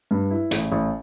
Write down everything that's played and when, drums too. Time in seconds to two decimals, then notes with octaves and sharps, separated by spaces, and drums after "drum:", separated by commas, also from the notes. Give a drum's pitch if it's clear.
0.11 G2
0.30 E4
0.51 A1, drum: hi-hat
0.72 A1